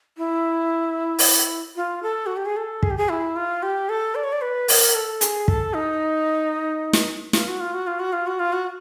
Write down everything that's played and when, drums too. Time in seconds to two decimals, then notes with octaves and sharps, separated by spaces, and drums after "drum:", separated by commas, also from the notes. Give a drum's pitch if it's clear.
0.18 E4
1.19 drum: open hi-hat
1.76 F4
2.03 A4
2.26 F#4
2.37 G4
2.46 G#4
2.57 A4
2.83 G#4, drum: kick
2.90 G4
2.97 G#4
3.09 E4
3.36 F4
3.63 G4
3.89 A4
4.15 D5
4.24 C#5
4.32 D5
4.41 B4
4.68 A#4, drum: open hi-hat
4.95 A4
5.21 G#4, drum: hi-hat
5.48 A4, drum: kick
5.74 D#4
6.93 drum: snare
7.33 F4, drum: snare
7.48 F#4
7.61 F4
7.74 F#4
7.87 F4
7.99 F#4
8.13 F4
8.27 F#4
8.40 F4
8.53 F#4